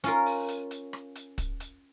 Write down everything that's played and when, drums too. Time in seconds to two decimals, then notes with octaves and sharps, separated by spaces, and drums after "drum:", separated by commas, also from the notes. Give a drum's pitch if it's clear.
0.04 C#4 F4 A#4, drum: hi-hat
0.26 drum: open hi-hat
0.48 drum: hi-hat
0.71 drum: hi-hat
0.93 drum: rim click
1.15 drum: hi-hat
1.38 drum: kick, hi-hat
1.60 drum: hi-hat